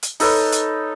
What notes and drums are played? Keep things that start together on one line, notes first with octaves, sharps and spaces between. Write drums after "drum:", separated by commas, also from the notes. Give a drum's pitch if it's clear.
drum: hi-hat
D#4 A4 B4 C#5, drum: open hi-hat
drum: hi-hat